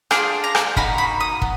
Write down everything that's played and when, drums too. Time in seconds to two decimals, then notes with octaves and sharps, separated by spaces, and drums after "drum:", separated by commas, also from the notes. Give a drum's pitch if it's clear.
0.11 D4 F4 G#4 D6, drum: rim click
0.44 A#5
0.55 drum: rim click
0.76 A#3 D#4 F#4 B5, drum: kick
0.98 B5
1.20 D#6
1.42 B3, drum: kick